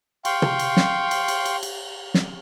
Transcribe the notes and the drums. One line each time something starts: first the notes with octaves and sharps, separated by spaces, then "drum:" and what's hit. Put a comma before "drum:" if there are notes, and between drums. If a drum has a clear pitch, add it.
F5 G5 C6 C#6, drum: cymbal
drum: tom
drum: cymbal
drum: snare
drum: cymbal
drum: cymbal
drum: cymbal
drum: cymbal
drum: snare